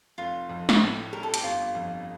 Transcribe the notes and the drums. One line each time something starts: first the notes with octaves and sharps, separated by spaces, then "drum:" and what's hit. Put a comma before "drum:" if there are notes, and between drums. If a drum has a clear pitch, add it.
F1 F4
F2
drum: snare
A2
G3 A#4
A4
G4, drum: hi-hat
G1 F4
F2